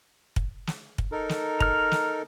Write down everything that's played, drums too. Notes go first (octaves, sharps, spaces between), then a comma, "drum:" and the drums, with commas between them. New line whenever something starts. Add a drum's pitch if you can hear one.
drum: kick
drum: snare
drum: kick
D#4 A4 A#4
drum: snare
A#5 F6, drum: kick
drum: snare